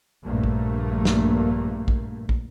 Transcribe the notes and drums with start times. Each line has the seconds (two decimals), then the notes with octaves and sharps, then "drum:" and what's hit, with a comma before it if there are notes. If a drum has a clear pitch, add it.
0.23 A#1 G2 A3 A#3
0.44 drum: kick
1.05 drum: snare
1.88 drum: kick
2.29 drum: kick